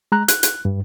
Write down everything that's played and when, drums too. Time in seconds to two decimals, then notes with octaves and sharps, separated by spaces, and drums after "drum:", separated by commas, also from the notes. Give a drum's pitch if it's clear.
0.12 G#3 A#5 F#6
0.28 F#6, drum: hi-hat
0.43 drum: hi-hat
0.65 G2